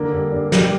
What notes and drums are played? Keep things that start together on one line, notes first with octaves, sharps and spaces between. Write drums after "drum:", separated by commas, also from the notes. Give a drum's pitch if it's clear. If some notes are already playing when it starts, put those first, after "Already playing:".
Already playing: D3 A#3
G2
G2
G3, drum: snare